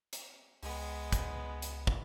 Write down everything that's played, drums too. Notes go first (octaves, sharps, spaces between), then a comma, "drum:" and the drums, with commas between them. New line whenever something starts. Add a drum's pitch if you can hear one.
drum: hi-hat
C#2 G#3 B3, drum: open hi-hat
drum: kick, hi-hat
drum: hi-hat
drum: kick